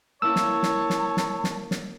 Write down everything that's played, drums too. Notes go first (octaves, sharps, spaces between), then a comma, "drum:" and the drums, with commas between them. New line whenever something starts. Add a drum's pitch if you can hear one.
A#3 C#4 E4 C#5 A5 E6
drum: snare
drum: snare
drum: snare
drum: snare
drum: snare
drum: snare